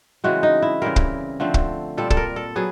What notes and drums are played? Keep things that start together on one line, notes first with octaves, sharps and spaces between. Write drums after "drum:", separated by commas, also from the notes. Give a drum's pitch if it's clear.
C#3 E3 G#3 C4 F#4
D#4
E4
C#3 E3 G3 C4 A#4
drum: kick
D3 F3 A3 C4
drum: kick
A#2 G3 C4 A4
A4, drum: kick
A#4
A4
F#3 B3 G#4